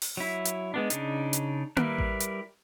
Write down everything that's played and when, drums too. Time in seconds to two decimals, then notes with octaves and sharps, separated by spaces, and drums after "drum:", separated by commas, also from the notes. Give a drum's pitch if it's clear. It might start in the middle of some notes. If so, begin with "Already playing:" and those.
0.02 drum: open hi-hat
0.17 F#3 E4
0.45 drum: hi-hat
0.74 G#3 B3 D4
0.90 C#3 D4 D#4, drum: hi-hat
1.33 drum: hi-hat
1.77 G3 E4 A#4 B4, drum: tom A#3
1.98 drum: kick A1
2.20 drum: hi-hat